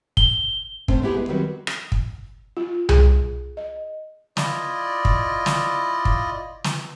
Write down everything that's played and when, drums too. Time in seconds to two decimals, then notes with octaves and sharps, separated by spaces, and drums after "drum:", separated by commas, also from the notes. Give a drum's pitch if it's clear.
0.17 G7, drum: kick
0.88 A3 C4 C#4 C5, drum: kick
1.02 G#3 B3 E4 G4 G#4
1.17 E2 G#3 B4
1.29 D#3 F#3 G3 C4 F#4 B4
1.67 drum: rim click
1.92 drum: kick
2.57 F4
2.89 G#4, drum: tom C2
3.57 D#5
4.37 E4 F4 D5 D#5, drum: snare
5.05 drum: kick
5.46 drum: snare
6.05 drum: kick
6.64 drum: snare